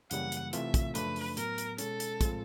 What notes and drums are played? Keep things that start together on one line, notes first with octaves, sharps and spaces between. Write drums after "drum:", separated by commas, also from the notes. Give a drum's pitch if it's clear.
F#2 C#3 E3 G3 A#3 F#5, drum: hi-hat
drum: hi-hat
C3 E3 A3 C4 F4 E5, drum: hi-hat
drum: kick, hi-hat
F#2 C#3 F3 A3 D4 B4, drum: hi-hat
drum: open hi-hat
A2 F#3 B3 A#4, drum: hi-hat
drum: hi-hat
B2 G#3 C#4 A4, drum: hi-hat
drum: hi-hat
A2 F3 G#3 C4 F4, drum: kick, hi-hat